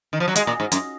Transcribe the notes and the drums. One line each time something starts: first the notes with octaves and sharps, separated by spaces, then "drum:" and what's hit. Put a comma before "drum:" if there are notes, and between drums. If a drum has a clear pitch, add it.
D#3
F3
F#3
G#3, drum: hi-hat
A#2
G#2
F#2, drum: hi-hat